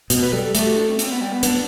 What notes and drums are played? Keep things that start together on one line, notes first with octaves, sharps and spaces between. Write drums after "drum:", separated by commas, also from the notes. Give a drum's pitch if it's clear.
B2, drum: hi-hat
B4
G3 A4
A4
A3 G4, drum: hi-hat
F#4
D4
C4
C4, drum: hi-hat
B3
G3
B3
B3 D4, drum: hi-hat